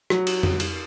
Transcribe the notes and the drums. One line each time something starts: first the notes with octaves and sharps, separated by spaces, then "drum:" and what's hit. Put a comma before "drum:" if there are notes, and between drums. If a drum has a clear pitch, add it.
F#3, drum: rim click
drum: cymbal
drum: tom F2
drum: cymbal